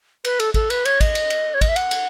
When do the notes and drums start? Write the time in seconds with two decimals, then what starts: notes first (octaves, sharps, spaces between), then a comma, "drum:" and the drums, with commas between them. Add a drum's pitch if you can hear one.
0.25 B4, drum: cymbal
0.40 A4, drum: cymbal
0.54 A4, drum: kick, cymbal
0.70 B4, drum: cymbal
0.85 C#5, drum: cymbal
1.01 D#5, drum: kick, cymbal
1.15 drum: cymbal
1.30 drum: cymbal
1.54 C#5
1.61 D#5, drum: kick, cymbal
1.69 E5
1.76 F#5, drum: cymbal
1.91 drum: cymbal